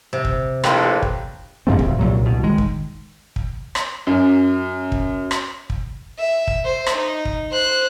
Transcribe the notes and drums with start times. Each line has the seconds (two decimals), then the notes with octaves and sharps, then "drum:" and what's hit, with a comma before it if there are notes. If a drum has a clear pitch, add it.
0.13 C3
0.25 drum: kick
0.64 A#1 A2 C3 A#3 B4 G5 C6, drum: rim click
1.02 drum: kick
1.67 D2 G2 A3 C4
1.79 D#1, drum: kick
1.99 C2 A#2 F#3
2.25 C2 B2
2.43 D#3 G#3
2.58 drum: kick
3.36 drum: kick
3.75 drum: rim click
4.07 F#2
4.92 drum: kick
5.31 drum: rim click
5.70 drum: kick
6.19 E5
6.48 drum: kick
6.64 C5
6.86 drum: rim click
6.96 D#4
7.25 drum: kick
7.52 C5 F#6